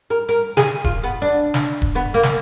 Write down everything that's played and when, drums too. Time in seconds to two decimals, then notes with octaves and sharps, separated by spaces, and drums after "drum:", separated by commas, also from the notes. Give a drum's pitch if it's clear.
0.10 A#4
0.29 A#4
0.57 G#4, drum: snare
0.84 F4, drum: kick D#1
1.04 B3
1.22 D4
1.54 drum: snare
1.82 drum: kick D#1
1.95 B3
2.14 A#3
2.23 drum: snare